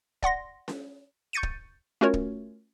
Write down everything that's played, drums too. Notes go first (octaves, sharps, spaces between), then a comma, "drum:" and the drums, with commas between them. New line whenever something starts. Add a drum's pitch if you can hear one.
D5 F#5 C6 A#6, drum: kick
drum: snare C#4
C#6 G6 A6 C#7 D#7
drum: kick
A3 C#4 F4 F#4 A#4 C#5
drum: kick